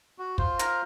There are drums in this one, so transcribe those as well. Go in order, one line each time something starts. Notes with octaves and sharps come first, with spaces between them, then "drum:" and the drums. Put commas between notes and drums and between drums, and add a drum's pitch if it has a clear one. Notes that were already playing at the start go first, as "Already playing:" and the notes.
F#4
F4 C5, drum: kick
A#4, drum: hi-hat